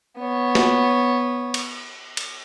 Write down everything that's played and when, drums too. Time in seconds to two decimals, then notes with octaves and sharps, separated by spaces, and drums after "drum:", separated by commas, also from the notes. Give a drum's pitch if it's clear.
0.19 B3 C#5
0.55 drum: snare
1.54 drum: cymbal
2.17 drum: cymbal